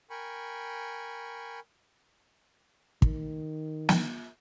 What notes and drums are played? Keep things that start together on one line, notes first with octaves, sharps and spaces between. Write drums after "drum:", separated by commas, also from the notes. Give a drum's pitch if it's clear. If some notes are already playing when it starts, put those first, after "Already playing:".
A#4 G5 G#5 B5 C#6
D#3, drum: kick
drum: snare